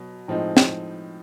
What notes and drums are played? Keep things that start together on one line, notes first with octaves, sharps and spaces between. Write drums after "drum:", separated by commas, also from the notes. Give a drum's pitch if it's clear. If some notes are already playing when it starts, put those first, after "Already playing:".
Already playing: B2 F#3
A2 F3 G#3 C4 D#4
drum: snare